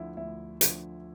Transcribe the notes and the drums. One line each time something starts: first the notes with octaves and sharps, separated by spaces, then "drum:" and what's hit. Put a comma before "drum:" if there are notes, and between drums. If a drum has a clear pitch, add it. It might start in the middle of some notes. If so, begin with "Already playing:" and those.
Already playing: D2 D3 F3 E4
D2 E4
D3 F3, drum: hi-hat